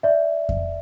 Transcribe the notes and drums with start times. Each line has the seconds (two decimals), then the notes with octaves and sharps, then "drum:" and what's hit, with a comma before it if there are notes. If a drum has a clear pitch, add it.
0.03 D5 E5
0.49 drum: kick F2